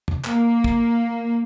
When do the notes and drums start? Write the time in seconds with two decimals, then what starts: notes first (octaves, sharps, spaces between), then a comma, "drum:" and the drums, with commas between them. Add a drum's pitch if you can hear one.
0.08 drum: tom
0.24 A#3, drum: clap
0.64 drum: kick